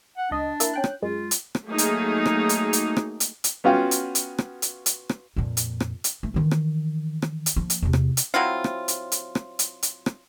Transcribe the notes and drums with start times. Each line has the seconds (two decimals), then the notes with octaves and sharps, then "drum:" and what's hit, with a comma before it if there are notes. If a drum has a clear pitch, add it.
0.18 F#5
0.31 C#2 D4 D#5
0.60 A#3 E4, drum: hi-hat
0.74 C#4 G5 F#6
0.84 drum: rim click
1.02 F#2 G#3 F4
1.31 drum: hi-hat
1.55 drum: rim click
1.67 F#3 A3 A#3 D#4 G#4
1.78 drum: hi-hat
2.26 drum: rim click
2.49 drum: hi-hat
2.73 drum: hi-hat
2.97 drum: rim click
3.20 drum: hi-hat
3.44 drum: hi-hat
3.64 B3 C#4 F4 F#4 F5 G5
3.91 drum: hi-hat
4.15 drum: hi-hat
4.38 drum: rim click
4.62 drum: hi-hat
4.86 drum: hi-hat
5.09 drum: rim click
5.36 F2 A#2
5.57 drum: hi-hat
5.80 drum: rim click
6.04 drum: hi-hat
6.23 A3
6.34 D#3 E3
6.51 drum: rim click
7.22 drum: rim click
7.46 drum: hi-hat
7.56 F3 A#3
7.70 drum: hi-hat
7.82 E2 C3
7.93 drum: rim click
8.17 drum: hi-hat
8.34 F#3 C4 E4 F4
8.64 drum: rim click
8.88 drum: hi-hat
9.12 drum: hi-hat
9.35 drum: rim click
9.59 drum: hi-hat
9.83 drum: hi-hat
10.06 drum: rim click